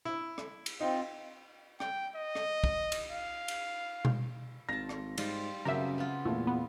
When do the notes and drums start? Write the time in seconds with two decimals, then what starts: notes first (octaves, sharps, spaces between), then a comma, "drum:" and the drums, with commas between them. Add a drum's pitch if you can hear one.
0.05 E4
0.38 drum: rim click
0.66 drum: cymbal
0.80 C4 D#4 F4
1.80 G5, drum: rim click
2.15 D#5
2.35 drum: rim click
2.64 drum: kick
2.92 drum: cymbal
3.11 F5
3.48 drum: cymbal
4.05 drum: tom B2
4.69 G#1 F4 A5 A#6
4.89 drum: rim click
5.18 G#2 G3 F4 C6, drum: cymbal
5.65 F#2 C#3 B3 C4 G4 A#4 E5
5.98 B3 F4
6.25 E2 A#2 A3
6.47 B3